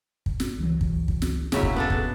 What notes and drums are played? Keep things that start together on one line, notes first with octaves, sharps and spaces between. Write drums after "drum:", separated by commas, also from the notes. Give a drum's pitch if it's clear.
drum: kick
drum: snare
C#2 E3 F#3
drum: kick
drum: kick
drum: snare
E1 C#3 F#3 A#3 C#4 E4, drum: snare
drum: kick
B3 D4 A4
drum: kick